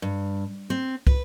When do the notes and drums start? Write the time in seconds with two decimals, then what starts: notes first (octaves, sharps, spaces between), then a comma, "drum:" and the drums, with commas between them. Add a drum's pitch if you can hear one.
0.02 G2
0.70 C4
1.07 B4, drum: kick